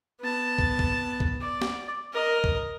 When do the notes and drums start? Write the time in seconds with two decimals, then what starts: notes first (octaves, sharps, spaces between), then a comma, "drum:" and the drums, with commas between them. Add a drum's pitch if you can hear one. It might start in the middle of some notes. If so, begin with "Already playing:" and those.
0.20 B3 A5
0.59 drum: kick
0.79 drum: kick
1.20 drum: kick
1.41 D5
1.61 drum: snare
2.13 A#4 D#5
2.44 drum: kick